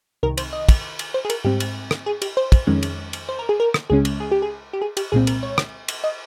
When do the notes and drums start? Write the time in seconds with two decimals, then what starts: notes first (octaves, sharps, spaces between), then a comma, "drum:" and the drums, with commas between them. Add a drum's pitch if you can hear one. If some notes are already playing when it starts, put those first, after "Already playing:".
0.23 C2 C3 D#3 A#4
0.37 C5, drum: cymbal
0.53 D#5
0.69 drum: kick, cymbal
0.99 drum: cymbal
1.14 C5
1.25 G#4
1.30 A#4, drum: cymbal
1.44 G#2 G3 C4 G4
1.60 drum: cymbal
1.91 drum: rim click
2.06 G#4
2.22 G4, drum: cymbal
2.37 C5
2.52 drum: kick, cymbal
2.67 F2 D#3 G#3 C#4
2.83 drum: cymbal
3.13 drum: cymbal
3.29 C5
3.39 A#4
3.49 G#4
3.60 A#4
3.74 drum: rim click
3.90 C#2 C#3 G#3 C#4 G#4
4.05 drum: cymbal
4.20 G#4
4.32 G4
4.42 G#4
4.73 G4
4.81 G#4
4.97 G4, drum: cymbal
5.12 C2 A#2 G#3 C4 G#4
5.27 A#4, drum: cymbal
5.43 C#5
5.58 drum: rim click
5.88 drum: cymbal
6.04 D#5